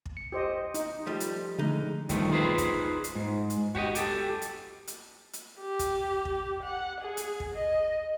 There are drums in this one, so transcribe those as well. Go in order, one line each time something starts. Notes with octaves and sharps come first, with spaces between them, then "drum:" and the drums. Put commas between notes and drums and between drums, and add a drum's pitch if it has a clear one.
drum: kick
C#7
G4 C5 D#5
D#4, drum: hi-hat
F3 G3 A3
drum: hi-hat
D3 F3 G#3 A3 D#4
G2 D#3 F3 A3, drum: kick, hi-hat
D#4 F4 G#4 B4 C5
drum: kick, hi-hat
drum: hi-hat
G#2
drum: hi-hat
F#4 G4 C#5 D#5, drum: kick
G4 A4, drum: hi-hat
drum: hi-hat
drum: hi-hat
drum: hi-hat
G4
drum: kick, hi-hat
drum: kick
F#5
G#4
drum: hi-hat
drum: kick
D#5